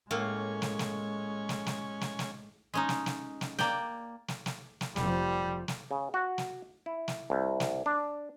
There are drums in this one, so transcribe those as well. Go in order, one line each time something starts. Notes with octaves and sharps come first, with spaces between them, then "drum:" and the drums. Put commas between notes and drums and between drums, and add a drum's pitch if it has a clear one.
A2 G#3 A#3 C#4 G#5
drum: snare
drum: snare
drum: snare
drum: snare
drum: snare
drum: snare
G#3 C#4 D#4
drum: snare
drum: snare
drum: snare
A#3 D5 G5, drum: snare
drum: snare
drum: snare
drum: snare
F1 F3 G3, drum: snare
drum: snare
C#3
F#4
drum: snare
E4
drum: snare
C2
drum: snare
D4